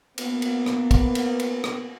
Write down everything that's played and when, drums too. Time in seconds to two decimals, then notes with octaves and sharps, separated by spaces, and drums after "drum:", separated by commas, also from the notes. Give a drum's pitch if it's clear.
0.18 A#3 B3, drum: cymbal
0.42 drum: cymbal
0.66 drum: rim click
0.91 drum: kick, cymbal
1.15 drum: cymbal
1.40 drum: cymbal
1.64 drum: rim click